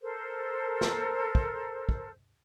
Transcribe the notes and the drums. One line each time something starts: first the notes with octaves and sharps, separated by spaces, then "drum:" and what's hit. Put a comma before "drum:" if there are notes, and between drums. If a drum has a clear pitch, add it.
A4 A#4 C5
drum: snare
drum: kick
drum: kick